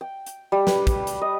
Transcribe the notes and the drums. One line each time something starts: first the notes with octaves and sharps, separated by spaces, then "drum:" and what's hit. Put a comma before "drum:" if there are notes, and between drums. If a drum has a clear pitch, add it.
G5
drum: hi-hat
G3
B4, drum: snare
drum: kick, hi-hat
drum: hi-hat
D#5